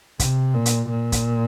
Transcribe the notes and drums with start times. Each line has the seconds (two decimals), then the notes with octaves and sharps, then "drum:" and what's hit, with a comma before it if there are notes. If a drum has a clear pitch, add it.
0.20 C3, drum: kick, hi-hat
0.54 A#2
0.66 drum: hi-hat
0.89 A#2
1.12 drum: kick, hi-hat